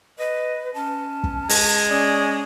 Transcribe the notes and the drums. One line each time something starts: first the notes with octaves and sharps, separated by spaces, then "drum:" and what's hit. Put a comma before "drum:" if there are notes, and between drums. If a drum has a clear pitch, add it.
B4 D#5
C#4 A5
drum: kick
G#3, drum: open hi-hat
C#4 D5 D#6